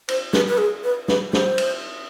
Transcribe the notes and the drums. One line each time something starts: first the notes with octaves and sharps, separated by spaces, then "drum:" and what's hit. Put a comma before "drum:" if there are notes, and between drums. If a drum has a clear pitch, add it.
C5, drum: cymbal
B4, drum: snare
B4
G#4
B4
B4, drum: snare
C5, drum: snare
drum: cymbal